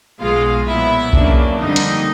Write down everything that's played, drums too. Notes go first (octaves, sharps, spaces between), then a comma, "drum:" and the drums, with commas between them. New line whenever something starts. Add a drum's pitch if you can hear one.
B1 B2 G#3 F4 F5
A#2 F#3 B3 E4 E5
E2 C#3 F#3 A#3 D4, drum: kick B1
F2 D3 G3 A#3 D#4 D#5
drum: hi-hat